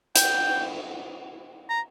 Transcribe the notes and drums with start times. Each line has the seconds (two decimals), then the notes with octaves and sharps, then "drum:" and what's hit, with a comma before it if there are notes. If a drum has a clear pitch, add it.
0.16 G5, drum: hi-hat
1.70 A#5